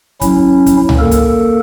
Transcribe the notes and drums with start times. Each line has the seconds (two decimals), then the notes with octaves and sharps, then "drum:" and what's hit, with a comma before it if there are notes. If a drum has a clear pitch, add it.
0.21 F#3 C#4 E4, drum: kick, hi-hat
0.66 drum: kick, hi-hat
0.89 drum: tom C#2
0.99 A#3 A4 A#4
1.11 drum: kick, hi-hat